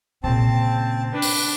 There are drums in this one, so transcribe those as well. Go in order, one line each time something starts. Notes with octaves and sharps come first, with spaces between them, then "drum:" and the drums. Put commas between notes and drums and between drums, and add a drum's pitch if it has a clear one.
A#2 C#3 C4 A5
D4 B4
drum: open hi-hat